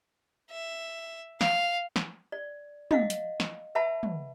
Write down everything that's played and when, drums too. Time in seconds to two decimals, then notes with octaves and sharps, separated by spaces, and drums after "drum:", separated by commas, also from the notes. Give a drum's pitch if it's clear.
0.51 E5
1.41 F5, drum: snare
1.96 drum: snare
2.32 D5
2.91 D#5 F5 F#5, drum: tom
3.10 drum: hi-hat
3.40 drum: snare
3.75 B4 E5 F#5 A5 B5
4.03 drum: tom